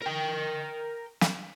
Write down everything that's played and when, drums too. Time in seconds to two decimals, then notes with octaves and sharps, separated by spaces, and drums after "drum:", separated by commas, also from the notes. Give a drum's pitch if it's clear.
0.02 A#4 G5
1.21 drum: snare